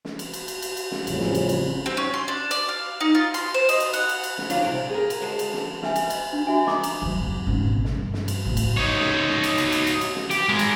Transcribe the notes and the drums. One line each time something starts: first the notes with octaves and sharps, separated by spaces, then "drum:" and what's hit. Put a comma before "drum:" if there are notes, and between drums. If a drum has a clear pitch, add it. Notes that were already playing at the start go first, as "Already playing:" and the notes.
drum: snare
drum: cymbal
drum: cymbal
drum: cymbal
drum: cymbal
drum: cymbal
drum: snare
A1 F2 C#3 G3, drum: cymbal
drum: snare
drum: cymbal
drum: cymbal
C4
C#4
C6
D4
D5, drum: cymbal
F5
D#4
F4
C6, drum: cymbal
C5
D#5, drum: cymbal
drum: cymbal
F#5, drum: cymbal
drum: cymbal
drum: cymbal
drum: snare
C#3 E3 F#3 D4 F4, drum: cymbal
C3 D#3 G3 G5
G#4 A#4
drum: cymbal
D3 G#3 A5
drum: cymbal
drum: snare
B4 E5 G#5, drum: snare
B4, drum: cymbal
D#5, drum: cymbal
D4
F#4 E5 G#5
D#5 A#5 D6 D#6, drum: snare
drum: cymbal
E3 F#3
F2 G#2
G#1 C#4
B2
drum: snare
G2
drum: snare
drum: cymbal
D1 A1
drum: cymbal
D#4 C#5
drum: snare
drum: snare
drum: cymbal
drum: cymbal
drum: cymbal
drum: cymbal
drum: cymbal
drum: snare
G4, drum: cymbal
G#3 A#4
drum: cymbal